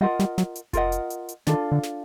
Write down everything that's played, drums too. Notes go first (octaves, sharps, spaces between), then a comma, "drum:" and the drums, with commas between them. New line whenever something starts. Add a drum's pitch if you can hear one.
G3 F4 A#4 D#5 F#5
G3, drum: snare
F#3, drum: snare
drum: hi-hat
F4 A#4 D#5 F#5, drum: kick F1, hi-hat
drum: hi-hat
drum: hi-hat
drum: hi-hat
D#3 D4 F4 A4, drum: snare
D3
drum: snare